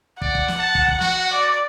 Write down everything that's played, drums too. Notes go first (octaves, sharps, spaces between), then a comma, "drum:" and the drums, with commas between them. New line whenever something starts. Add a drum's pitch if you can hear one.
D5 F#5, drum: kick
drum: kick
drum: snare
A5
drum: kick
drum: kick
F#4, drum: snare
D5